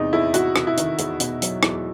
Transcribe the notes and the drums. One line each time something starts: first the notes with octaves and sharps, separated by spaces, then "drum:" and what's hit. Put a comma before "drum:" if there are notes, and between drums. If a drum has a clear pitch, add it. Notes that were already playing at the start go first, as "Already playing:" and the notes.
Already playing: E2 C3 D#4
E2 E4
E2 F#4, drum: hi-hat
C3, drum: rim click
E4
D#3, drum: hi-hat
E2, drum: hi-hat
B2, drum: hi-hat
F#3, drum: hi-hat
E2, drum: rim click